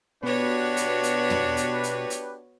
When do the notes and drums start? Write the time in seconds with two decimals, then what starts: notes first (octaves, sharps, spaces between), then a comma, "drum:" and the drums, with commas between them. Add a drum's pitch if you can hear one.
0.23 B2 B3 D4 F#4 G4 B4 C#5
0.77 drum: hi-hat
1.03 drum: hi-hat
1.30 drum: tom
1.57 drum: hi-hat
1.83 drum: hi-hat
2.10 drum: hi-hat